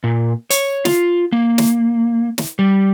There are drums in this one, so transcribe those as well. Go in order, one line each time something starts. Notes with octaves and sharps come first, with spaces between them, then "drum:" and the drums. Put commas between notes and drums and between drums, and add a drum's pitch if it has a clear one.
A#2
C#5, drum: hi-hat
F4, drum: snare
A#3
drum: snare
drum: snare
G3